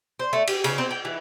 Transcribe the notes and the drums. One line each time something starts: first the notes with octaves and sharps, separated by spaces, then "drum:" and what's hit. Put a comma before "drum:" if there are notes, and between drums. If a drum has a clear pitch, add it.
C5
A3
G4, drum: cymbal
C#3, drum: cymbal
C4
G5
E3